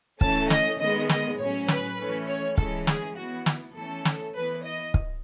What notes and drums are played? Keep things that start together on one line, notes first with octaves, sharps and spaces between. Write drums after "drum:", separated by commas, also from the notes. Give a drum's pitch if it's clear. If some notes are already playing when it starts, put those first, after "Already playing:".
E3 A3 C#4 A5, drum: kick
D#5, drum: snare
D#3 G#3 B3 D#5
D#5, drum: snare
A2 F#3 C#4 C#5
B4, drum: snare
E3 A3 C#4
C#5
E3 G#3 C#4 A4, drum: kick
G#4, drum: snare
E3 B3 F#4
drum: snare
E3 A3 C#4 A4
drum: snare
E3 B3 B4
D#5
drum: kick